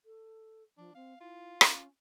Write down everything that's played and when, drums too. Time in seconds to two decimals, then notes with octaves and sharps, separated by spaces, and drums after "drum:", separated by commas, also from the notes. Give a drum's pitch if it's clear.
0.05 A4
0.77 F3 D4
0.95 C4 F5
1.20 E4 F4
1.61 C#4, drum: rim click